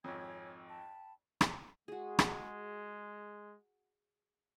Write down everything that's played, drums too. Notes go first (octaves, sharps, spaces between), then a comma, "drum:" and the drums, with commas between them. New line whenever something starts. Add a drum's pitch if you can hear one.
G#1 F2 C#5 G#5 G#6
G5 A5 B5
drum: rim click
G#3 F#4 G#4
drum: rim click